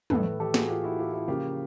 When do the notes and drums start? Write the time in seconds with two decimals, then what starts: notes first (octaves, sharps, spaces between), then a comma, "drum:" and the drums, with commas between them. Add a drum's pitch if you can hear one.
0.10 A2 E3 A3 A4 B4, drum: tom
0.40 G4 A4
0.54 F#4 G#4, drum: snare
0.69 F4 G4
0.84 E4 F#4
0.99 F4 G4
1.13 E4
1.28 C#3 F3 A#3 F4 G4